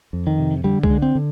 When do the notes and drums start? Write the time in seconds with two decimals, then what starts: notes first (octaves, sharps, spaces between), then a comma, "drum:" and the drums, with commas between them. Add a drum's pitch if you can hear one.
0.13 F2
0.27 D#3
0.39 C3
0.64 D3 G3
0.83 G#3, drum: kick C2
0.90 D3
1.02 C4
1.15 D3